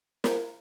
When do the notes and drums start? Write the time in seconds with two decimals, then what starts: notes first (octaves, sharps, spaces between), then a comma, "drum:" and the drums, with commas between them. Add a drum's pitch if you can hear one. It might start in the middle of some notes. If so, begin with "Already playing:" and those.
0.24 A#4, drum: snare